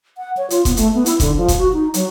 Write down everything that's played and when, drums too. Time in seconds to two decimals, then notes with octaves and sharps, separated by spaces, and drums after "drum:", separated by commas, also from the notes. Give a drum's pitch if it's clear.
0.17 F#5
0.37 C#5
0.50 F4, drum: hi-hat
0.65 B3, drum: kick F1, hi-hat
0.77 A3, drum: hi-hat
0.94 B3
1.06 E4, drum: hi-hat
1.20 D3, drum: kick F1, hi-hat
1.37 F3
1.48 drum: kick F1, hi-hat
1.58 F#4
1.73 D#4
1.94 F#3, drum: hi-hat